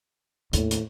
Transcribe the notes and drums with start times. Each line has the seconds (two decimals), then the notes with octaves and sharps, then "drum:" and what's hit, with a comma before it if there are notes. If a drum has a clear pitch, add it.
0.53 D#2 A2, drum: hi-hat
0.71 drum: hi-hat